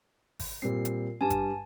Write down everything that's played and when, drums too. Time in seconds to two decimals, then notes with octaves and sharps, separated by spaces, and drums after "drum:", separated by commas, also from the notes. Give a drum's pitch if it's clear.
0.39 drum: kick G#1, open hi-hat
0.62 A#2 G3 C4 C7
0.85 drum: hi-hat
1.21 G2 G3 G#5 A5
1.30 drum: kick G#1, hi-hat